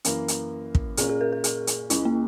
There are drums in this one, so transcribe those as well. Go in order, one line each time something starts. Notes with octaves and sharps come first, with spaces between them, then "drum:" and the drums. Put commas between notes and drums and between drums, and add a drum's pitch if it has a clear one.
F#2 E3 A#3, drum: hi-hat
drum: hi-hat
drum: kick
A#2 A#3 C#4 G#4, drum: hi-hat
G#4
A#4
A#4
G#4, drum: hi-hat
drum: hi-hat
C#2 C#3 G#3 E4, drum: hi-hat
A#3